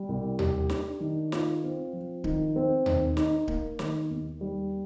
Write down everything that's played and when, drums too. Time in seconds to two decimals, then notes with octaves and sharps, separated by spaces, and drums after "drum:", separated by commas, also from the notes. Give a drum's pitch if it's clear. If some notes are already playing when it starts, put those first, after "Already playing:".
Already playing: G3
0.09 C2
0.39 G4, drum: tom D#2
0.70 D4, drum: snare
1.00 D#3
1.32 F4, drum: snare
1.63 C4
1.93 F3
2.24 D#3, drum: kick D1
2.56 C4
2.86 D#3, drum: tom D#2
3.17 D#4, drum: snare
3.48 A#3, drum: kick D1
3.79 D#3, drum: snare
4.10 D#2
4.41 G3